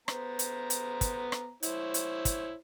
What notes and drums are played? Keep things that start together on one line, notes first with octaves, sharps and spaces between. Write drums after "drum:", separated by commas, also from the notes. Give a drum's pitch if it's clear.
B3 C5 A#5, drum: rim click
drum: hi-hat
drum: hi-hat
drum: kick, hi-hat
drum: rim click
E4 C5 C#5, drum: hi-hat
drum: hi-hat
drum: kick, hi-hat